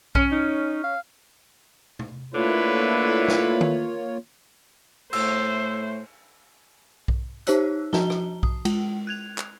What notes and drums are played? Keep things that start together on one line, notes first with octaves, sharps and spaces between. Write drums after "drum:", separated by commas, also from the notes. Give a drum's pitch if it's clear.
C#4, drum: kick B1
D#4
F5
drum: tom
D3 A3 A#3 E4 F4 B4 C#5
drum: snare
drum: tom D#3
A2 A3 C5 E6, drum: cymbal
drum: kick B1
D#4 G4 C5 C#5 E6 F#6, drum: hi-hat
F3 F#4 A5 A#5 G7, drum: snare
drum: rim click
D#6, drum: kick B1
G#3, drum: cymbal
F#6 G#6 F7
drum: clap